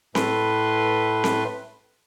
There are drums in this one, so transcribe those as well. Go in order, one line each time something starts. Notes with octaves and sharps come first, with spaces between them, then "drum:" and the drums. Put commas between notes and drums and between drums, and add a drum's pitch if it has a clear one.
A2 A3 B4 C6, drum: snare C4
drum: snare C4